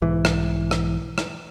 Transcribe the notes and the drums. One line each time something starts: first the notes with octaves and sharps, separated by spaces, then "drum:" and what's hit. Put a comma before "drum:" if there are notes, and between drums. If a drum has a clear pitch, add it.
B1 G#2 E3
drum: rim click
drum: rim click
drum: rim click